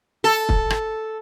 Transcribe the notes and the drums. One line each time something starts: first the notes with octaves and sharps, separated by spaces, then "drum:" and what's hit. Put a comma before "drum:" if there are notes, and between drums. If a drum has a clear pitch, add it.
A4
drum: kick
drum: rim click